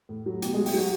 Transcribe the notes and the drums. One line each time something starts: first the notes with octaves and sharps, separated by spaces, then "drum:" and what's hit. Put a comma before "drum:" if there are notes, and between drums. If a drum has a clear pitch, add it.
A2
F#3
B2 G4, drum: hi-hat
G#3 G#4
F#3
G4, drum: open hi-hat
F#3 F#4